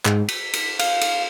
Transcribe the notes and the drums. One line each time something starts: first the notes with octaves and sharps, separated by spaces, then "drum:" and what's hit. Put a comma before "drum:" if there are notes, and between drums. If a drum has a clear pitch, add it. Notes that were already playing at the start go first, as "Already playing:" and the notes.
G#2, drum: clap
B6, drum: cymbal
drum: cymbal
F5, drum: cymbal
drum: cymbal